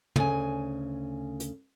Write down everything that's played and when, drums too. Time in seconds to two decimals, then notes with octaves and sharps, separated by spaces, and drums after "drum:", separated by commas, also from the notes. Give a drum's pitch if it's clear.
0.16 D2 C#3 G#5, drum: tom
1.40 drum: hi-hat